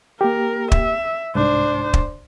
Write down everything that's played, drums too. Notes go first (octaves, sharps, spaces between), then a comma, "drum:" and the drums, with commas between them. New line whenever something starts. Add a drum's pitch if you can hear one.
A#3 G4 A#4
E5, drum: kick
C2 G#2 D4 C5
drum: kick